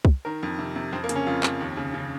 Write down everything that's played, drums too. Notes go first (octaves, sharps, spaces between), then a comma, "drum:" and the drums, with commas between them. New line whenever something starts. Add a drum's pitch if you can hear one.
drum: kick
D#3 A#4
F2
C3
C3
F2 C4
A#3
C#3, drum: hi-hat
C#4
F2 F4
F2, drum: clap
D#2
C#3
C#3